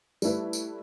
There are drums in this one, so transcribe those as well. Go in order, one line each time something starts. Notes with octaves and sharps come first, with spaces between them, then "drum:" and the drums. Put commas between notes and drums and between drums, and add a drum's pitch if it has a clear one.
G3 A3 E4 B4, drum: tambourine
drum: tambourine